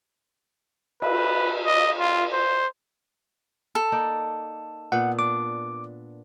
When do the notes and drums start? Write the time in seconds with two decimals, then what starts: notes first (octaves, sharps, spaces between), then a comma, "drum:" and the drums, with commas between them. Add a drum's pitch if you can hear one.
1.02 B4, drum: cymbal
1.66 D#5
1.98 F4
2.33 C5
3.75 A4
3.92 A#3 D#4 D5
4.92 A#2 B3 F#5
5.19 D4 D6